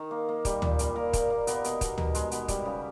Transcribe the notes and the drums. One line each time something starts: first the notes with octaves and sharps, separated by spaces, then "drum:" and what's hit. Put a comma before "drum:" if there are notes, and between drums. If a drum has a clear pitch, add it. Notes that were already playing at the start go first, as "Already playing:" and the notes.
Already playing: D#3
A#3
A#3
G3, drum: kick, hi-hat
A#2, drum: tom
A#2, drum: hi-hat
A#2 A#4
A#2, drum: kick, hi-hat
A#3
B3 A#4, drum: hi-hat
B2, drum: hi-hat
B2, drum: kick, hi-hat
B2 A#4, drum: tom
G#3, drum: hi-hat
B3, drum: hi-hat
G3, drum: kick, hi-hat
C#3